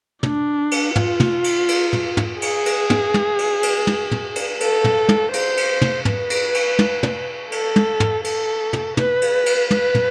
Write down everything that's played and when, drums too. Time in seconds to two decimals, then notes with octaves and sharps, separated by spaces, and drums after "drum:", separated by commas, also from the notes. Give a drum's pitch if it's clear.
0.23 D4, drum: tom
0.71 drum: cymbal
0.96 F4, drum: tom
1.20 drum: tom
1.44 drum: cymbal
1.68 drum: cymbal
1.93 drum: tom
2.17 drum: tom
2.42 G#4, drum: cymbal
2.66 drum: cymbal
2.90 drum: tom
3.14 drum: tom
3.39 drum: cymbal
3.63 drum: cymbal
3.87 drum: tom
4.11 drum: tom
4.36 drum: cymbal
4.60 A4, drum: cymbal
4.84 drum: tom
5.09 drum: tom
5.34 C5, drum: cymbal
5.57 drum: cymbal
5.82 drum: tom
6.05 B4, drum: tom
6.30 drum: cymbal
6.54 drum: cymbal
6.79 drum: tom
7.03 drum: tom
7.52 A4, drum: cymbal
7.76 drum: tom
8.00 drum: tom
8.24 A4, drum: cymbal
8.73 drum: tom
8.97 B4, drum: tom
9.22 drum: cymbal
9.46 drum: cymbal
9.71 B4, drum: tom
9.95 drum: tom